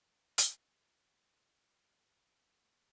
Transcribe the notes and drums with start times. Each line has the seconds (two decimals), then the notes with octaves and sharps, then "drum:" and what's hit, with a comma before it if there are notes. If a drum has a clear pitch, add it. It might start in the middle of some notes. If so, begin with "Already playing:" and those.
0.38 drum: hi-hat
0.55 B5
0.85 G#3 A4 B4
1.64 E4
2.01 E4 B4 A5
2.31 G3 A#3